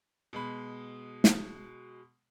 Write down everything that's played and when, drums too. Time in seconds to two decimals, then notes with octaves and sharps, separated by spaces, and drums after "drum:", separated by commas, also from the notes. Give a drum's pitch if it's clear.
0.33 B2 G#3 B5
1.24 drum: snare